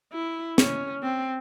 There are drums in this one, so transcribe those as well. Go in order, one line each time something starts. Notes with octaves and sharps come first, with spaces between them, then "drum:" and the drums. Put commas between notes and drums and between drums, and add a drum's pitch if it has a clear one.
E4
C#4, drum: snare
C4